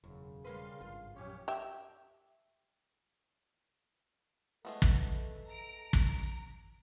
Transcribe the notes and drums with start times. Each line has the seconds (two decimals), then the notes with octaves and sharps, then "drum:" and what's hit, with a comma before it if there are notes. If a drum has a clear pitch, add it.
0.04 E1 F#2 C#3
0.45 G3 A#4 B4 F5 C6
0.81 G#1 G2 F4
1.15 A#1 F#2 C#4 G4 C#5
1.48 G4 E5
4.65 G#3 A3 B3 A4
4.82 drum: kick
5.48 A#5 D7
5.93 drum: kick